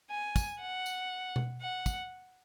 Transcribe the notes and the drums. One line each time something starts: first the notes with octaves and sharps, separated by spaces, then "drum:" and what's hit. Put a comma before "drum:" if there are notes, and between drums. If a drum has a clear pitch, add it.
G#5
drum: kick, tambourine
F#5
drum: tambourine
drum: tom B2
F#5
drum: kick, tambourine